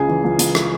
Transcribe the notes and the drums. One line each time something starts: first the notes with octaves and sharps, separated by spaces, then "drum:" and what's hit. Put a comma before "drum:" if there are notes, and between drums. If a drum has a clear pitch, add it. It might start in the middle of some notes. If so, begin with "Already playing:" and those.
Already playing: C#2 C#3 G#4
E3
C#2
C#2, drum: hi-hat
drum: rim click